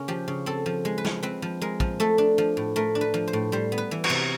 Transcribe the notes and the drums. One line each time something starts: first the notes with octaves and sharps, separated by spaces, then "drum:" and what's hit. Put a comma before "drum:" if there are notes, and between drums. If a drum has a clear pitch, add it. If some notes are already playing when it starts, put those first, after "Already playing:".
Already playing: C#3 A#3 C#4
F3 G4
C#3
C4 A4
F3
G#3
B4
F3, drum: snare
C4 B4
F3
G#3 A#4
F3, drum: kick
A3 A4
D4
F3
A2
A3 A#4
D4
B4
F3
C5
A2
G3 C5
B3
B4
E3
F#4, drum: cymbal
C3